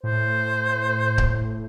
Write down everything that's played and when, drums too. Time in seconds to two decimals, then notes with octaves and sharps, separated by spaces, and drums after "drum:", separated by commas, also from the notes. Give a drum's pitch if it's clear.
0.04 A2 C5
1.18 drum: kick C#1